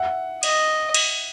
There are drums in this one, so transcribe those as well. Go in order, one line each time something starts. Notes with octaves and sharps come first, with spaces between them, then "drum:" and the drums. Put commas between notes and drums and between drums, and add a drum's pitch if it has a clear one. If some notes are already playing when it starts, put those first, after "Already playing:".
Already playing: E5 F#5
D#5, drum: cymbal
drum: cymbal